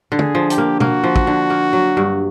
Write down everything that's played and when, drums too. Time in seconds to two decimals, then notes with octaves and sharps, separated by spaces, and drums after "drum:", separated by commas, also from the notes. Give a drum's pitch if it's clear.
0.12 D3
0.19 G#4, drum: tom
0.35 F3
0.50 G4, drum: hi-hat
0.58 A#3
0.80 A#3 F#4, drum: tom B2
1.04 F3
1.16 drum: kick
1.27 D3
1.50 A#3
1.73 F#3
1.97 G2